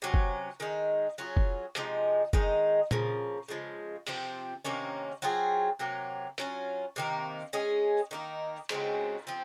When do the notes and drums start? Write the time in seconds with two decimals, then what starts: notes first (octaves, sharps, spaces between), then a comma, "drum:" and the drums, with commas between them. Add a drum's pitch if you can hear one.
0.02 C3 F#3 C#4
0.14 drum: kick
0.60 D#3 G#3 D#4
1.18 F#3 C#4 F4 G#4
1.37 drum: kick
1.75 C3 F3 G#3 D#4, drum: hi-hat
2.33 D#3 G#3 D#4, drum: kick
2.91 C#3 F3 A#3, drum: tom A#2
3.48 C#3 F3 G#3
4.07 C3 F3 C4, drum: open hi-hat
4.65 C3 D#3 A#3 C#4
5.22 F#3 C4 F4 G#4
5.79 C3 F#3 A#3
6.38 F#3 C#4 F4, drum: hi-hat
6.96 C3 D#3 A#3
7.53 G#3 C#4 G#4
8.11 D#3 A#3 D#4
8.69 C#3 G#3 C4 F#4, drum: cymbal
9.27 F3 C4